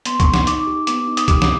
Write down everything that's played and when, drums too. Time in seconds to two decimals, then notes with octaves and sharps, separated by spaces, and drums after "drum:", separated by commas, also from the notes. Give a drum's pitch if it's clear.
0.05 B3 C6, drum: hi-hat
0.20 C#6, drum: kick C2, hi-hat
0.26 D#4
0.34 D6, drum: snare
0.47 D#4 D6, drum: hi-hat
0.67 G4
0.87 B3 D6, drum: hi-hat
1.08 D#4
1.17 D#6, drum: hi-hat
1.28 G4 D6, drum: kick C2, hi-hat
1.42 drum: snare